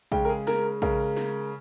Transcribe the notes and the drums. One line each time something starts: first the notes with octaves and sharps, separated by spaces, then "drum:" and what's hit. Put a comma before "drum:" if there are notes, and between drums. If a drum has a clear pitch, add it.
C#3 G#3 G5, drum: kick A#1
A#4
G#4
A#4, drum: snare
C#3 G#3 A#4, drum: kick A#1
drum: snare